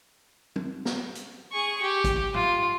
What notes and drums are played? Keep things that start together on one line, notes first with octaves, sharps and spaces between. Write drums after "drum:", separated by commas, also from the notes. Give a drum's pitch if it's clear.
drum: tom
drum: snare
drum: hi-hat
G#4 C#6
G4
drum: kick, hi-hat
F4, drum: tom